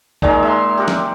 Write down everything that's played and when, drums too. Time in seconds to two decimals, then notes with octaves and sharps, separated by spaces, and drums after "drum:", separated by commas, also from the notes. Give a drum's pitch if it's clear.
0.22 A#2 D#3 G#3 A#5, drum: kick
0.43 E5 A#5 C6
0.78 G4 A#4 F#5
0.88 drum: snare